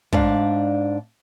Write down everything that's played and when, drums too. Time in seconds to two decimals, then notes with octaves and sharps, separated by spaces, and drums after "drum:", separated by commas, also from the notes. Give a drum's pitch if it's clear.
0.12 G#2 D4 D5 F5, drum: kick